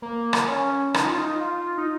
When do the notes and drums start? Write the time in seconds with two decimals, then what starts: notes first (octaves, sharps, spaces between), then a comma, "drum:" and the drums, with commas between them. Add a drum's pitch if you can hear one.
0.02 A#3
0.33 drum: rim click
0.49 C#4
0.94 D#4, drum: rim click
1.06 F4
1.18 D#4
1.40 F4
1.78 D#4